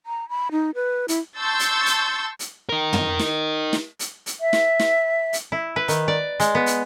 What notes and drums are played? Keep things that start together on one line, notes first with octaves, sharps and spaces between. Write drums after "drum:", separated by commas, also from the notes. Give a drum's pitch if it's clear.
A#5
B5
D#4
B4
E4, drum: hi-hat
A5 C6 C#6 E6 G6 A6
drum: hi-hat
drum: hi-hat
drum: hi-hat
D#4 A#4
drum: tom
drum: snare
drum: snare
drum: hi-hat
drum: hi-hat
E5
drum: snare
drum: snare
drum: hi-hat
E4
B4
D#3, drum: hi-hat
D5
G#3, drum: hi-hat
B3
drum: hi-hat